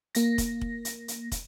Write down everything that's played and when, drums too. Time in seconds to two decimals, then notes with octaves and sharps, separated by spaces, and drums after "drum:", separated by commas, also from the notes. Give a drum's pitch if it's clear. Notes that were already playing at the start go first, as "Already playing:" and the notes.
0.15 A#3 A#6, drum: hi-hat
0.38 drum: kick, hi-hat
0.61 drum: kick
0.85 drum: hi-hat
1.08 drum: hi-hat
1.32 drum: kick, hi-hat